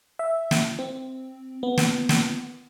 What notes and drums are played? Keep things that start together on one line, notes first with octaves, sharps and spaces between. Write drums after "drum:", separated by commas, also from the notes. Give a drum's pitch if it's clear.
E5
drum: snare
C4
B3
drum: snare
drum: snare